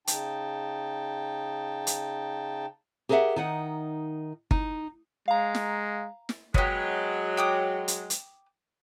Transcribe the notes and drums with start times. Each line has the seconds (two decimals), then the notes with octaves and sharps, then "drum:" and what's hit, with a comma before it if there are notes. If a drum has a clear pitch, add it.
0.07 C#3 D#4 G5 A5, drum: hi-hat
1.87 drum: hi-hat
3.09 G4 G#4 A#4 B4 E5 F#5
3.36 D#3 D#4 F#5
4.51 D#4, drum: kick G1
5.28 G#3 F5 A#5
5.55 drum: snare
6.29 drum: snare
6.54 F#3 G#3 B3 G4, drum: kick G1
7.37 G5 D6 D#6
7.88 drum: hi-hat
8.10 drum: hi-hat